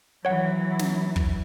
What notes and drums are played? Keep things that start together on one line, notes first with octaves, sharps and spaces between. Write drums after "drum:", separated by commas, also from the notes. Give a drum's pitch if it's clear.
E3 F#3 C#5 F#5
drum: snare
drum: kick